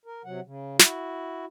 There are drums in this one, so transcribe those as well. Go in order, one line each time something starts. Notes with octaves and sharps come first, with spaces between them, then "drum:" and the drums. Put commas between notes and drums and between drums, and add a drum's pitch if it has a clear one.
A#4
C3 F#3 F#5
C#3
E4 F#4, drum: snare